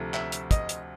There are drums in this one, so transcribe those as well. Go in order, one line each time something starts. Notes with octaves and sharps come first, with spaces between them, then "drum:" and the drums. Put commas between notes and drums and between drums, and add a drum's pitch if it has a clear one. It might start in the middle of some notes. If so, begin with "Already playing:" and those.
Already playing: D2 C3 F3 A3
E5, drum: clap
drum: hi-hat
D#5, drum: kick, hi-hat
drum: hi-hat